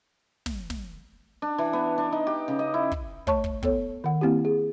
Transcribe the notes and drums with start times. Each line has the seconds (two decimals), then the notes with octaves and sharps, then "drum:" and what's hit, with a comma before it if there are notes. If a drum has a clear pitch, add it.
0.46 drum: snare
0.70 drum: snare
1.42 D4
1.58 E3
1.73 B3
1.98 D4
2.12 D#4
2.27 G4
2.48 C#3
2.59 D#5
2.74 E4
2.91 drum: kick
3.27 A3 C#5 A5 C#6, drum: kick
3.44 drum: kick
3.63 B3 A4 C#5, drum: kick
4.04 D#3 F#5
4.21 A#3 C4 E4 G4
4.45 G#4